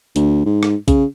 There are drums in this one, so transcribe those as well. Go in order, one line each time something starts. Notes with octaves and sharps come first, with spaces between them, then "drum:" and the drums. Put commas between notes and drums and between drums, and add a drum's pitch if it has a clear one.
D2, drum: hi-hat
G#2
drum: rim click
C#3, drum: kick, hi-hat